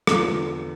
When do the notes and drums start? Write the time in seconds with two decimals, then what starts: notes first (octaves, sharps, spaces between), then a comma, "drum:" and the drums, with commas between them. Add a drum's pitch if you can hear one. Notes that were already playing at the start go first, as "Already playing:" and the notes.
0.07 E2 D3 F3 F4, drum: rim click